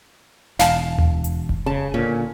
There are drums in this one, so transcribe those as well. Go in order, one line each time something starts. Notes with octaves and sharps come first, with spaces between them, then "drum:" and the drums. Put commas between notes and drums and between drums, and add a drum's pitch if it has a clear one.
E1 F5 A5, drum: snare
drum: tom D#2
drum: hi-hat
drum: kick F1
C#3 A5
A#2 D3 C#4